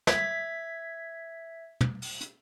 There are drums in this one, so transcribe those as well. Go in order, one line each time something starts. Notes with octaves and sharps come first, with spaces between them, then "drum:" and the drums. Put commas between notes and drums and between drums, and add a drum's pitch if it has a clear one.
E5 G#6 B6, drum: snare
drum: tom
drum: open hi-hat
drum: hi-hat